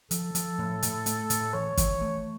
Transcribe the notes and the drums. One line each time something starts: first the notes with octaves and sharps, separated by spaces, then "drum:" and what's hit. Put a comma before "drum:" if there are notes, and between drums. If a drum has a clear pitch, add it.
F3 A4, drum: hi-hat
F3, drum: hi-hat
A2
A2, drum: hi-hat
A3, drum: hi-hat
A2, drum: hi-hat
E3 C#5
E3, drum: kick, hi-hat
A3